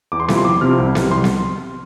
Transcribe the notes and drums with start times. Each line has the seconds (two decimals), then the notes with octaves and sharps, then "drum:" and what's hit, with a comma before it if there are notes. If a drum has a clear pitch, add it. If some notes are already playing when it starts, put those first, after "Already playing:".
0.12 E2 D6
0.20 C6
0.28 C3 F3 C4 E4 D6, drum: snare B3
0.38 C6
0.45 E2 D6
0.61 C3 F3 C4 E4 F6
0.78 C2
0.95 C3 E3, drum: snare B3
1.11 C2 C6
1.24 drum: snare B3